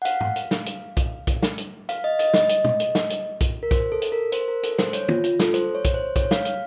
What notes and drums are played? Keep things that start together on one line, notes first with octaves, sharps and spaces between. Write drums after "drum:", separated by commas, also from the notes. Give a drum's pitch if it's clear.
F#5
F5, drum: hi-hat
drum: tom G#2
drum: hi-hat
drum: snare
drum: hi-hat
drum: kick B1, hi-hat
drum: kick B1, hi-hat
drum: snare
drum: hi-hat
F5, drum: hi-hat
D#5
D#5, drum: hi-hat
D#5, drum: snare
drum: hi-hat
drum: tom
drum: hi-hat
drum: snare
drum: hi-hat
drum: kick B1, hi-hat
A#4
C5, drum: kick B1, hi-hat
A4
drum: hi-hat
A#4
C5, drum: hi-hat
A#4
A4, drum: hi-hat
C5, drum: snare
C#5, drum: hi-hat
F4, drum: tom
F4, drum: hi-hat
A4, drum: snare
C5, drum: hi-hat
C#5
drum: kick B1, hi-hat
C5
C#5, drum: kick B1, hi-hat
F5, drum: snare
F5, drum: hi-hat